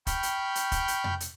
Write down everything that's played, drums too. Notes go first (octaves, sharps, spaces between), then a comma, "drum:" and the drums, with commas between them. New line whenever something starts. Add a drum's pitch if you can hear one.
G5 B5 C#6 F6 G6, drum: kick, hi-hat
drum: hi-hat
drum: hi-hat
drum: kick, hi-hat
drum: hi-hat
drum: tom F2
drum: hi-hat